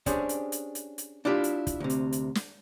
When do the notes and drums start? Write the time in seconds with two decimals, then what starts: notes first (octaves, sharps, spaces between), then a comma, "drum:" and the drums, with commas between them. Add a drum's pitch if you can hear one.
0.06 C#4 D4 G4 G#4 C5, drum: kick, hi-hat
0.29 drum: hi-hat
0.52 drum: hi-hat
0.75 drum: hi-hat
0.98 drum: hi-hat
1.25 D4 E4 F4 G4
1.44 drum: hi-hat
1.67 drum: kick, hi-hat
1.80 D2 C3
1.90 drum: hi-hat
2.12 drum: hi-hat
2.35 drum: snare